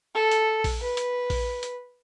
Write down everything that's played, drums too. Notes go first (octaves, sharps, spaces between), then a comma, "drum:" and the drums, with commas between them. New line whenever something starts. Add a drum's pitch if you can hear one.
A4
drum: hi-hat
drum: kick A#1, open hi-hat
B4
drum: hi-hat
drum: kick A#1, open hi-hat
drum: hi-hat